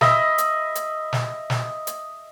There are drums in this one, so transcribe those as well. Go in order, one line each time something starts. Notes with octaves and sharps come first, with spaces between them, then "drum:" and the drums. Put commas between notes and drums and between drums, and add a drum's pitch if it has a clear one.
D#5 E5 B5, drum: snare
drum: hi-hat
drum: hi-hat
drum: snare
drum: snare
drum: hi-hat